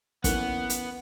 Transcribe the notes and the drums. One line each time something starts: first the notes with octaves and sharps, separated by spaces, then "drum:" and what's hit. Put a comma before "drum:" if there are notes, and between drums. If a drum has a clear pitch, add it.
E3 A#3 B3 C#4 F#5, drum: kick, hi-hat
drum: hi-hat